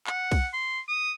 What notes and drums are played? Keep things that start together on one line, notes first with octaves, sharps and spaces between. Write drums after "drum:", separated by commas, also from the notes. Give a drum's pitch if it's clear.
F#5, drum: clap
drum: kick B1, cymbal
C6
D#6